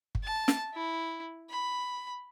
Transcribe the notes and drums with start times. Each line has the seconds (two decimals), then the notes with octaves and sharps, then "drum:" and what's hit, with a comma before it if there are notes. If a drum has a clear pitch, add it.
0.15 drum: kick
0.24 A5
0.48 drum: snare
0.74 E4
1.50 B5